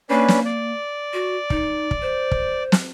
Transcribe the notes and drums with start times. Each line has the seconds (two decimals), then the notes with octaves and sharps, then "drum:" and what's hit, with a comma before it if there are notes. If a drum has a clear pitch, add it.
0.10 A#3 C#4 D4 B4
0.28 drum: snare
0.45 D5
1.13 F#4
1.50 D#4, drum: kick
1.91 drum: kick
2.02 C5
2.31 drum: kick
2.72 drum: snare